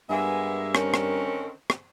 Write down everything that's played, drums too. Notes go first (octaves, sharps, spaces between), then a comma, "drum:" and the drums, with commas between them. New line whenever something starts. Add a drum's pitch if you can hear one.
G2 G#3 A#3 B3 E5 G#5
D3 D#3 C4 C#4 A#4, drum: rim click
drum: rim click
drum: rim click